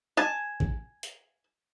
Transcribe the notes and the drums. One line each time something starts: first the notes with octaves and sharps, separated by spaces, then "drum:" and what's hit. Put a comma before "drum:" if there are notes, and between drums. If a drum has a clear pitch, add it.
G#5 A5
drum: kick A#1
drum: hi-hat